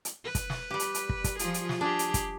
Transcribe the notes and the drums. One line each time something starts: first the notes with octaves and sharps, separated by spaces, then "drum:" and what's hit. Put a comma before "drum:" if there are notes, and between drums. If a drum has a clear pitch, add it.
drum: hi-hat
B4
drum: kick, hi-hat
drum: snare
G3 G4
drum: hi-hat
drum: hi-hat
drum: kick
drum: kick, hi-hat
F3 F4 G#4, drum: hi-hat
drum: hi-hat
drum: snare
D4 G4 G#4
drum: hi-hat
drum: kick, hi-hat